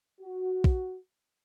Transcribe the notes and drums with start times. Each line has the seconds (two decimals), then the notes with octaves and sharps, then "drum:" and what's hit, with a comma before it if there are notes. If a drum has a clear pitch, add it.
0.21 F#4
0.64 drum: kick